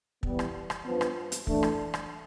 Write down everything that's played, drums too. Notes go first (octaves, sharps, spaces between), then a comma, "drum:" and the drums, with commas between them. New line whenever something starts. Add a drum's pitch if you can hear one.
E3 G3 B3, drum: kick
drum: rim click
drum: rim click
G2 F3 B3
drum: rim click
drum: hi-hat
E3 A3 D4, drum: kick
drum: rim click
drum: rim click